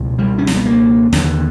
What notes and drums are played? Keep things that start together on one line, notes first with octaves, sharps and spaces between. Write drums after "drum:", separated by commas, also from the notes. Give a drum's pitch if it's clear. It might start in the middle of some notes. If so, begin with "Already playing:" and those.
Already playing: C#2 B2
G3
C#4
C4, drum: snare
B3
A#3
D#2 D3 B3, drum: snare